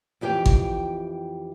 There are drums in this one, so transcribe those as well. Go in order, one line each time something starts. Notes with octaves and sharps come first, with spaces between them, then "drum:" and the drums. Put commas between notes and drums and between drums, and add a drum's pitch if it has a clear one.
F2 E3 G4 F5 G5
drum: kick G#1